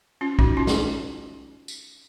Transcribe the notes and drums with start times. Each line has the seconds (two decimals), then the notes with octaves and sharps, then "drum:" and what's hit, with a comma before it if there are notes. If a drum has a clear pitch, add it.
0.21 C#4 F4
0.39 D#4 F#4, drum: kick
0.57 C#4 F4
0.67 drum: snare
1.68 drum: tambourine